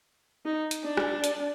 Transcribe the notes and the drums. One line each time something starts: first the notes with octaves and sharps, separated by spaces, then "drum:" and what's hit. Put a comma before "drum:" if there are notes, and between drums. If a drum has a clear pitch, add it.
D#4
drum: hi-hat
D4
drum: rim click
drum: hi-hat